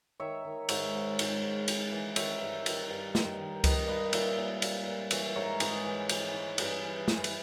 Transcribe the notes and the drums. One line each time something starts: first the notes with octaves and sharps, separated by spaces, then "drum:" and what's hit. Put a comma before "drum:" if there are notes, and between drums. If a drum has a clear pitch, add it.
D#3 C#5 E5
D#3
G#2 C#5 E5, drum: cymbal
G#2
G#2, drum: cymbal
G#2
G#2, drum: cymbal
E3
D#3 C#5 E5, drum: cymbal
G2
D#3, drum: cymbal
G2
D#3, drum: snare
D#3
D#3 B4 D#5, drum: kick C#2, cymbal
G2 B4 D#5
A#2 C#5 E5, drum: cymbal
A#2
A#2, drum: cymbal
A#2
E3 C#5 E5, drum: cymbal
G#2 A#4 C#5
G#2 G#4 B4, drum: cymbal
E3
E3, drum: cymbal
E3
G2 G#4 B4, drum: cymbal
E3
E3, drum: snare
drum: cymbal